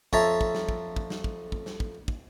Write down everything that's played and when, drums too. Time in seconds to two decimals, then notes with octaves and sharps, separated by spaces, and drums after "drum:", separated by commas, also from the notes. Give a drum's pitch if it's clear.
0.13 F2 C#5 E5 A5 A#5, drum: kick
0.41 drum: kick
0.55 drum: snare
0.69 drum: kick
0.96 drum: kick
1.10 drum: snare
1.24 drum: kick
1.52 drum: kick
1.66 drum: snare
1.80 drum: kick
2.08 drum: kick